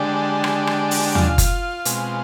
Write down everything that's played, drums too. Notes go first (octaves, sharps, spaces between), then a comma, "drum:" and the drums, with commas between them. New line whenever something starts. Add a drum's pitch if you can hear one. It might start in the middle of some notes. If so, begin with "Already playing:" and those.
Already playing: D3 G#3 D4 G4
drum: rim click
drum: rim click
drum: open hi-hat
F4, drum: tom
drum: kick F#1, hi-hat
B2 G#3 C4, drum: hi-hat